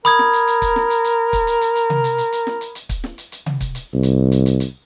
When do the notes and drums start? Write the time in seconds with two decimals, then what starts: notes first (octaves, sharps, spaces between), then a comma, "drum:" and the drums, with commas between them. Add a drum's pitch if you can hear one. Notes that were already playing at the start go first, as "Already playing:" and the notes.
0.05 A#4 B5 D#6 G#6, drum: hi-hat
0.19 drum: snare
0.33 drum: hi-hat
0.48 drum: hi-hat
0.62 drum: kick, hi-hat
0.76 drum: snare
0.90 drum: hi-hat
1.04 drum: hi-hat
1.33 drum: kick, hi-hat
1.47 drum: hi-hat
1.61 drum: hi-hat
1.76 drum: hi-hat
1.90 drum: tom C3
2.04 drum: hi-hat
2.18 drum: hi-hat
2.33 drum: hi-hat
2.47 drum: snare
2.61 drum: hi-hat
2.75 drum: hi-hat
2.89 drum: kick, hi-hat
3.04 drum: snare
3.18 drum: hi-hat
3.32 drum: hi-hat
3.46 drum: tom C3
3.61 drum: kick, hi-hat
3.75 drum: hi-hat
3.94 C2
4.03 drum: hi-hat
4.32 drum: hi-hat
4.46 drum: hi-hat
4.60 drum: hi-hat